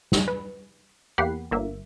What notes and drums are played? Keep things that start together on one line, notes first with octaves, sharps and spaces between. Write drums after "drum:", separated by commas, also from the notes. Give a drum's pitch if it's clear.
drum: snare
B4
E2 A#3 G4 F#5 B5 C7
G1 A#3 E5